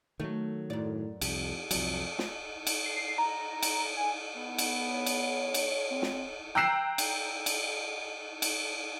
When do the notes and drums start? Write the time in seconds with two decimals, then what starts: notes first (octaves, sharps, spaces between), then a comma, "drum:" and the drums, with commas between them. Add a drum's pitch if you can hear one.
0.20 D#3 F#3 A3
0.70 F#2 A2 D5
1.21 C2 F2 G4, drum: cymbal
1.71 C2 F2 F#3, drum: cymbal
2.19 drum: snare
2.67 drum: cymbal
2.86 C7
3.18 A#5
3.63 drum: cymbal
3.97 G#5
4.36 B3
4.58 drum: cymbal
4.89 C#5
5.06 drum: cymbal
5.54 drum: cymbal
5.91 C4
6.02 drum: snare
6.55 G5 A#5 E6 F#6 C7 E7
6.98 drum: cymbal
7.46 drum: cymbal
8.42 drum: cymbal